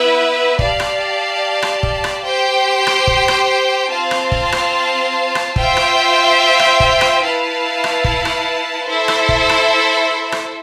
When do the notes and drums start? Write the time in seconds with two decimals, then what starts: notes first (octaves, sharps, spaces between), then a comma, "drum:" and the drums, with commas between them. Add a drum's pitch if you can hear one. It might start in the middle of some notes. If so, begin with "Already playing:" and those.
Already playing: B3 E4 B4 E5
0.59 G4 D5 F5 A5, drum: kick
0.80 drum: rim click
1.62 drum: rim click
1.83 drum: kick
2.04 drum: rim click
2.25 G4 C5 G5
2.87 drum: rim click
3.07 drum: kick
3.28 drum: rim click
3.90 C4 F4 C5 F5 A5
4.11 drum: rim click
4.32 drum: kick
4.52 drum: rim click
5.35 drum: rim click
5.56 F4 C5 E5 G5, drum: kick
5.77 drum: rim click
6.59 drum: rim click
6.80 drum: kick
7.01 drum: rim click
7.22 E4 B4 F5 A5
7.84 drum: rim click
8.04 drum: kick
8.25 drum: rim click
8.88 E4 A4 C5 E5
9.08 drum: rim click
9.29 drum: kick
9.49 drum: rim click
10.32 drum: rim click